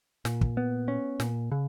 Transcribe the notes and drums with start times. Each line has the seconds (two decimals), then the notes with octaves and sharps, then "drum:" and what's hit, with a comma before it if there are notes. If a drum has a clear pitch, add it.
0.25 A#2, drum: snare
0.41 drum: kick
0.57 B3
0.88 C#4
1.20 A#2, drum: snare
1.52 C#3